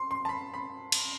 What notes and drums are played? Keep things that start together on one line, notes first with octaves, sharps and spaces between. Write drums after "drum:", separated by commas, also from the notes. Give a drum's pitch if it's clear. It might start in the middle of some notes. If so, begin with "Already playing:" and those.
Already playing: C6
C6
A5
B5
B5
drum: cymbal